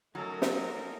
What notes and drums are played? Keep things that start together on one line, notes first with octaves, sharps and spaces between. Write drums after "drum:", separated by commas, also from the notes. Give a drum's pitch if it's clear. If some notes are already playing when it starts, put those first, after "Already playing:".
F#3 A3 C#4 D#4 A4 A#4
drum: snare